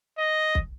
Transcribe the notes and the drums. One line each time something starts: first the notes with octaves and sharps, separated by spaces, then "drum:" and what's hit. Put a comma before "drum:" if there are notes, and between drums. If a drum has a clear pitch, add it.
D#5
drum: kick